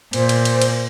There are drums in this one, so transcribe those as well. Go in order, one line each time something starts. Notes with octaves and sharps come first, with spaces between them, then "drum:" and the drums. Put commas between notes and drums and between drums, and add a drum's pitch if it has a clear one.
A#2 C5, drum: cymbal
drum: cymbal
drum: cymbal
drum: cymbal